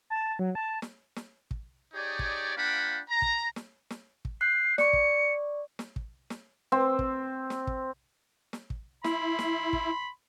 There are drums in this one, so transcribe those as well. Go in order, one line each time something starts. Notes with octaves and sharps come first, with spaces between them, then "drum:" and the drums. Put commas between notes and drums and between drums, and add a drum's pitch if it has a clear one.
A5
F#3
A5
drum: snare
drum: snare
drum: kick
D#4 G4 G#4 C#5 D5
drum: kick
A#3 D4 F4 F#5 G5 B5
A#5
drum: kick
drum: snare
drum: snare
drum: kick
F#6 G6 C7
D5 C#6 C#7, drum: snare
drum: kick
drum: snare
drum: kick
drum: snare
C4
drum: kick
drum: snare
drum: kick
drum: snare
drum: kick
E4 B5 C6, drum: snare
drum: snare
drum: kick